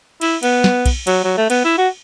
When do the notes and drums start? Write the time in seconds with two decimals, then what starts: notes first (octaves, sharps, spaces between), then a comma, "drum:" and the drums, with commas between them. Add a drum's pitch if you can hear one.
0.21 E4, drum: cymbal
0.43 B3, drum: cymbal
0.64 drum: snare
0.86 drum: kick, cymbal
1.07 F#3, drum: cymbal
1.24 F#3
1.37 A3
1.50 B3, drum: cymbal
1.64 E4
1.78 F#4